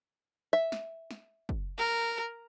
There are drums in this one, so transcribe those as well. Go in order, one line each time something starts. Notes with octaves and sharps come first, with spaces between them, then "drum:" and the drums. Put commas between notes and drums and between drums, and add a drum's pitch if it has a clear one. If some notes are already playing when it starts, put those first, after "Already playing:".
E5
drum: snare
drum: snare
drum: kick
A#4